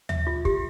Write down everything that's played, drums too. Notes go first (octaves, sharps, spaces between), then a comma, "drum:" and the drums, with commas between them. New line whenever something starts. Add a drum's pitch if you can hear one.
E5, drum: tom D#2
F4
G4, drum: kick